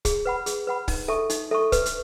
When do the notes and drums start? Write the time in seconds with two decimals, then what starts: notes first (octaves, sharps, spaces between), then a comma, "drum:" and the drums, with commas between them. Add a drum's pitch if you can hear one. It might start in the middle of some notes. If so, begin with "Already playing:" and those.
0.05 G#4, drum: kick, hi-hat
0.25 B4 F#5 B5
0.46 G#4, drum: hi-hat
0.67 B4 F#5 B5
0.88 D#4, drum: kick, open hi-hat
1.08 A4 E5 A5 C#6
1.30 D#4, drum: hi-hat
1.51 A4 E5 A5 C#6
1.72 B4, drum: kick, hi-hat
1.86 drum: hi-hat